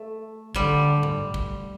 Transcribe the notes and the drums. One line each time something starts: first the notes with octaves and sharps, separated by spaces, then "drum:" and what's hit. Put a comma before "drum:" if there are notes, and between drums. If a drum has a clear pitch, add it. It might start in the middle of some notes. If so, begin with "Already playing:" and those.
Already playing: A3
D3 G3, drum: kick
drum: tom G#2
drum: kick